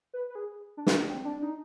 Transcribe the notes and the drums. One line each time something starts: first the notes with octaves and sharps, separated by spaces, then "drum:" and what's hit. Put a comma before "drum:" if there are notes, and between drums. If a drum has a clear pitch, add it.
B4
B4
G#4
D4
D#4, drum: snare
D4
C4
D4
D#4